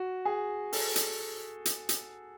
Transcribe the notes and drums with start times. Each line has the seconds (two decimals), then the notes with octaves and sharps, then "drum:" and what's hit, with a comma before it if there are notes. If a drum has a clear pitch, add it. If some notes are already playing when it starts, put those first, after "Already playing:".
Already playing: F#4
0.25 G#4
0.73 A4, drum: open hi-hat
0.96 drum: hi-hat
1.65 drum: hi-hat
1.89 drum: hi-hat